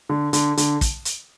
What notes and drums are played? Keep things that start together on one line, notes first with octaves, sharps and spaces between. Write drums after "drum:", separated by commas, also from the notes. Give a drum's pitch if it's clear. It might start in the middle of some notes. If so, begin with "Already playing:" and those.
D3
D3, drum: hi-hat
D3, drum: hi-hat
drum: kick, hi-hat
drum: hi-hat